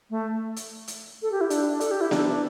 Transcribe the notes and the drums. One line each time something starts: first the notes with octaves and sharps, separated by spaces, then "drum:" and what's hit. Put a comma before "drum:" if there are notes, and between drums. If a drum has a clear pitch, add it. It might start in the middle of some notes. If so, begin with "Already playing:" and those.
A3
drum: hi-hat
drum: hi-hat
A4
G4
E4
D4, drum: hi-hat
A4, drum: hi-hat
G4
E4
D4, drum: snare B3